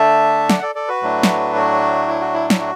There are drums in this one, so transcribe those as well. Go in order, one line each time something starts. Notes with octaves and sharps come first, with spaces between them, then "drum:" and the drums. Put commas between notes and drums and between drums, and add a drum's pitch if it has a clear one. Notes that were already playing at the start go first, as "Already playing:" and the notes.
Already playing: D3 A3 D4 E5 A5
D5 F#5, drum: snare
A4 D5
A4 D5
F#4 B4
A2 F#3 A3 D4
drum: snare
F#4
E4
F#4
E4
E4, drum: snare
F#4